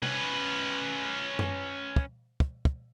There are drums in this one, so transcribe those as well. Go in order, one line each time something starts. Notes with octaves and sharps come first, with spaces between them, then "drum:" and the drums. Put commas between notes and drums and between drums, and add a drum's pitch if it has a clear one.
C#4 B4, drum: tom C3
drum: tom F#2
drum: kick
drum: kick
drum: kick